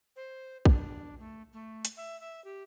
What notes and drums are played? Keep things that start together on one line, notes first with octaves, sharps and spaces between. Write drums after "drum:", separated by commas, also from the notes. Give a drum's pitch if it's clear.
C5
D4, drum: kick
A3
A3
drum: hi-hat
E5
E5
G4